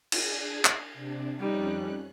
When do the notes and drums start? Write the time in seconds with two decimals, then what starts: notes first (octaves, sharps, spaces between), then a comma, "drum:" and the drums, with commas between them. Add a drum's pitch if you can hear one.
0.12 D4 G#4, drum: cymbal
0.65 drum: clap
0.94 C3 D4
1.39 F2 G3 C#4 D#4 F#6